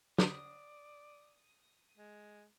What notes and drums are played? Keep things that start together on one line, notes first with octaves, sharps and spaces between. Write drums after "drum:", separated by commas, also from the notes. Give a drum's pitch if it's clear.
D5 D#6, drum: snare
G#3